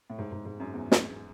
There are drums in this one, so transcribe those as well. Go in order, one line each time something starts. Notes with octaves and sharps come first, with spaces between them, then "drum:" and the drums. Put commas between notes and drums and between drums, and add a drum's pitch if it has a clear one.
A2
G#2
G#2
G#2
F#2
E2
drum: snare